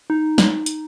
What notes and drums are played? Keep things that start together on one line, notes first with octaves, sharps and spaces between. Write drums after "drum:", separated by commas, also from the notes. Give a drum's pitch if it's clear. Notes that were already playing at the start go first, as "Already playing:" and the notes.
D#4
drum: snare
drum: hi-hat